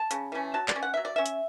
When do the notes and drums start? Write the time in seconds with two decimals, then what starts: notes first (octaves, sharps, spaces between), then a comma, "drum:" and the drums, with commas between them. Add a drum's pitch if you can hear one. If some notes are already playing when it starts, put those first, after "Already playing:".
Already playing: A5
0.11 C#3, drum: hi-hat
0.32 E3 A3 C#4
0.54 F#3 A5
0.68 D5, drum: clap
0.76 C#4
0.82 F#5
0.94 F#3 E5
1.05 D5
1.16 C#4 E5
1.26 drum: hi-hat